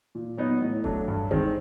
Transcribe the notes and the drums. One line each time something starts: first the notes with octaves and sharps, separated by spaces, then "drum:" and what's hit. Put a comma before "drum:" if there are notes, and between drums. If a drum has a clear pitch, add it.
A#2
F#3 B3 D#4
A2
F#3 A3 D4, drum: kick E1
G2
D#3 G#3 C4, drum: kick E1